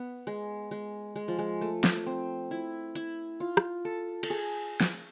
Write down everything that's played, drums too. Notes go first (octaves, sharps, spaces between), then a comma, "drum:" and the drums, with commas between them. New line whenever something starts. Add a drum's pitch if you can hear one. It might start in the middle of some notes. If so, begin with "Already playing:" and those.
Already playing: B3
G#3
G#3
G#3
F3
G#3
A3
drum: snare
C4
E4
E4, drum: hi-hat
F4
drum: rim click
A4
A4, drum: cymbal
G#4
drum: snare